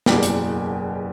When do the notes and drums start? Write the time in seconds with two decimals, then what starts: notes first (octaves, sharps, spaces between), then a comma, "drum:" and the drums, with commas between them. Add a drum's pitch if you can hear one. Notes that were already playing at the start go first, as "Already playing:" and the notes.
0.06 F#1 E2 B2 G3 A#3 G4 G5, drum: snare
0.23 drum: hi-hat